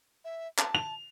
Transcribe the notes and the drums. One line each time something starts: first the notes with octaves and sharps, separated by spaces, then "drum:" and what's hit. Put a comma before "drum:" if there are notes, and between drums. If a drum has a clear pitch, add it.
E5
A5, drum: clap
F7